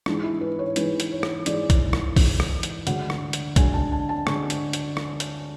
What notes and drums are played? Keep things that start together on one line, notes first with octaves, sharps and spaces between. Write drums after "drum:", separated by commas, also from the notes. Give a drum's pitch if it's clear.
G#2 E3 G#3 D4, drum: rim click
E4
B4
C#5
G#2 E3 G#3 B4, drum: hi-hat
drum: hi-hat
C#5
drum: rim click
G#2 E3 G#3 D5, drum: hi-hat
drum: kick A#1, hi-hat
drum: rim click
G#2 E3 G#3, drum: kick A#1, open hi-hat
drum: rim click
drum: hi-hat
D2 D3 G#3 F#5, drum: hi-hat
drum: rim click
drum: hi-hat
D2 D3 G#3 G#5, drum: kick A#1, hi-hat
A5
A5
A5
D3 G#3 C#6, drum: rim click
drum: hi-hat
drum: hi-hat
drum: rim click
drum: hi-hat